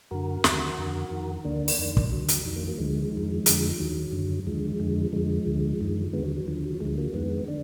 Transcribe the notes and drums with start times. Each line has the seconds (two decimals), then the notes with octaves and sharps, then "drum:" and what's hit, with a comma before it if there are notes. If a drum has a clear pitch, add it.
0.11 F#2 D3 F#4 A#4
0.44 D#2 D3, drum: snare
0.78 F2 D3
1.11 F2 D#3
1.44 D2 D3 A#3 D4
1.68 drum: open hi-hat
1.78 F2 D#3
1.97 drum: kick
2.12 D2 D3 F#3
2.28 F#3, drum: hi-hat
2.45 F2 D#3 F#3
2.56 F#3 A#3
2.67 F#3 A#3
2.78 D2 D3 F3 G#3
3.12 F2 D#3
3.46 F2 D3, drum: hi-hat
3.79 D#2 D#3 F#3
4.12 F#2 D3
4.46 D#2 D3 F3 G#3
4.80 F2 D3
5.13 F2 D3 F3 G#3
5.46 D2 D3
5.81 F#2 D#3
6.13 D3 G#3 B3
6.19 D#2
6.24 F#3
6.36 F#3
6.47 D#2 D3 F3
6.64 F#3
6.80 D2 D3 F3 G#3
6.98 F#3 A#3
7.14 F2 D#3 G#3 B3
7.48 D3 D4